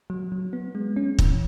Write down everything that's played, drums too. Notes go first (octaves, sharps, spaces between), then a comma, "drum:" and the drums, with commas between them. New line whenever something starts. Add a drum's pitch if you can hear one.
F#3
F#3
B3
G#3
C#4
E3, drum: kick